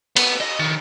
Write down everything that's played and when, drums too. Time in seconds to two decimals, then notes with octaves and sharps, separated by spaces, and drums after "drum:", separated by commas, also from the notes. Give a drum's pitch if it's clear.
0.17 B3, drum: cymbal
0.41 D#5
0.60 D#3